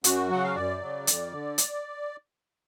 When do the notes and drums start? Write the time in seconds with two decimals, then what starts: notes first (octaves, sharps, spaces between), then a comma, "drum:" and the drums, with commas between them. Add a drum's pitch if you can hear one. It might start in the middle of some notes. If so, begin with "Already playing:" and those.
0.04 F#2 F#4, drum: hi-hat
0.30 C#3 F#3 F#5
0.44 F5
0.55 F#2 D5
0.81 C#3 F#3
1.07 F2, drum: hi-hat
1.32 D3
1.58 drum: hi-hat